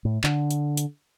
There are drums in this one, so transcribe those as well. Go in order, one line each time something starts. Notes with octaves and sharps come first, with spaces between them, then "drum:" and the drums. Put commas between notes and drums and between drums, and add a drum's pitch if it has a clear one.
A2
D3, drum: clap
drum: hi-hat
drum: hi-hat